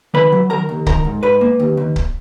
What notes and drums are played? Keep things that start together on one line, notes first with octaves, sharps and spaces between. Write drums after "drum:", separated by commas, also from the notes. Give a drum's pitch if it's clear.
D#3 B4 B5
F#3
D#3 A#4 A#5
D#2
D#3 A#4 A#5, drum: kick C#1
G#2
G#2 B4 B5
A#3
D#2
D#2
drum: kick C#1